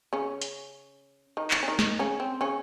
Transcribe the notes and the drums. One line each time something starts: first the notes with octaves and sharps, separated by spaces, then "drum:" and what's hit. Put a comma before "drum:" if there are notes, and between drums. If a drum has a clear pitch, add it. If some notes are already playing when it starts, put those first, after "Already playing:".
C#3 C#4
drum: hi-hat
D#3 D#4
drum: clap
C#4
D#3 D#4
drum: snare
C#3 C#4
C4
C#3 C#4